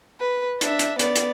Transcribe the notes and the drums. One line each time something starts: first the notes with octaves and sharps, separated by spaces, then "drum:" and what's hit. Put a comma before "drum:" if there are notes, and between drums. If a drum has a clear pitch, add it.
B4
D4 E5, drum: hi-hat
drum: hi-hat
B3 D5, drum: hi-hat
drum: hi-hat